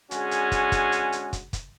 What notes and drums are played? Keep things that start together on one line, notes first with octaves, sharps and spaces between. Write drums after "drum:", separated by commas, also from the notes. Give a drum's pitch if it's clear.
D3 G#3 C#4 F#4 G#4, drum: hi-hat
drum: hi-hat
drum: kick, hi-hat
drum: kick, hi-hat
drum: hi-hat
drum: hi-hat
drum: kick, hi-hat
drum: kick, hi-hat